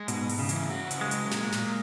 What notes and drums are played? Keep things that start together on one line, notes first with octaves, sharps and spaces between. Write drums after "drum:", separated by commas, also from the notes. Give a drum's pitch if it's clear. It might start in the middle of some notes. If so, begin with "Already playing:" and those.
Already playing: G#3
G#2 B2, drum: hi-hat
G#2, drum: open hi-hat
C#3
E3, drum: hi-hat
F#4
C#3, drum: hi-hat
G#3
F#3, drum: hi-hat
A#2, drum: snare
A#2, drum: snare